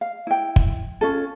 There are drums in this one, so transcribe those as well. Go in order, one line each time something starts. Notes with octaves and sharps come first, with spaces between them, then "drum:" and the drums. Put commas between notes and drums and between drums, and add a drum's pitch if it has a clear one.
F5
E4 G5
drum: kick
C#4 F4 A4